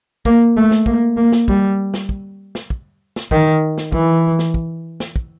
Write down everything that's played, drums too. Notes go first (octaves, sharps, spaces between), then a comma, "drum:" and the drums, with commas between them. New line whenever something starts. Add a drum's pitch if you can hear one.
A#3, drum: kick
A3
drum: snare
A#3, drum: kick
A#3
drum: snare
G3, drum: kick
drum: snare
drum: kick
drum: snare
drum: kick
drum: snare
D#3, drum: kick
drum: snare
E3, drum: kick
drum: snare
drum: kick
drum: snare
drum: kick